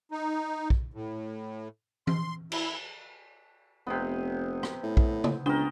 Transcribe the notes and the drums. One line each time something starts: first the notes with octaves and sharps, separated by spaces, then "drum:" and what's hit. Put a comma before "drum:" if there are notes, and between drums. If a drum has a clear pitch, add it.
D#4
drum: kick
A2
C6, drum: tom E3
E4, drum: cymbal
F1 C3 B3
drum: rim click
A2
drum: kick
drum: tom C#3
C#2 B3 D4 A#4 G7